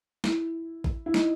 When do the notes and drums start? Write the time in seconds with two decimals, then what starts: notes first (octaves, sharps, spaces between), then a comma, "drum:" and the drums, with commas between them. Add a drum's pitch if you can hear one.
0.24 E4, drum: snare
0.84 drum: kick A#1
1.06 E4
1.14 D#4, drum: snare